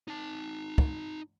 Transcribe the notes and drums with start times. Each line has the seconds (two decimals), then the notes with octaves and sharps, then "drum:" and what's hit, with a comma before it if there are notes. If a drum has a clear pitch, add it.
0.08 D#4 A5
0.78 drum: kick